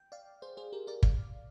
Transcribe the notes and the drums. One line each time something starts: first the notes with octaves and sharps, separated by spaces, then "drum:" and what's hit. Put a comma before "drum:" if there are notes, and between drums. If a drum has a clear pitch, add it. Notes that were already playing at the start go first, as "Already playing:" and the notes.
Already playing: G5
D5 F5
G#4 C5
G#4 C5
G4 A#4
A#4 D5
D5 F5, drum: kick